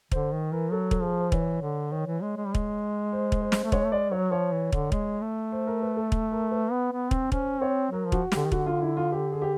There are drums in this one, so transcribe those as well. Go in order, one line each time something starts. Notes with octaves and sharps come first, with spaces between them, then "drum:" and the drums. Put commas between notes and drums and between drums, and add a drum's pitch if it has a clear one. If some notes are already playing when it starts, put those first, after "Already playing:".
D3 C5, drum: kick
D#3
E3 A#4
F#3 A4
A4, drum: kick
F3 G#4
C5
E3 C#5, drum: kick
D3
D#3 C#5
E3
G#3
G#3
G3
G#3, drum: kick
C5
drum: kick
C5
drum: snare
A3
G#3 C#5, drum: kick
A3
G#3 D5
F#3 C#5
F3 C#5
E3
D3, drum: kick
G#3, drum: kick
A3
C5
A#4
B4
A4
drum: kick
A#4
B4
B3
B3
C4, drum: kick
C#4 C5, drum: kick
C4 C#5
F#3 A#4
F3
F#4, drum: kick
D3 G4, drum: snare
D#3
D3 F#4, drum: kick
F4
E4
F4
G4
G#4
G4